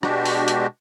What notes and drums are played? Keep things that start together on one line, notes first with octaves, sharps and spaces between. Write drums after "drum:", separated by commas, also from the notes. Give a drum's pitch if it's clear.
B2 G#3 D4 F#4 G4, drum: rim click
drum: open hi-hat
drum: hi-hat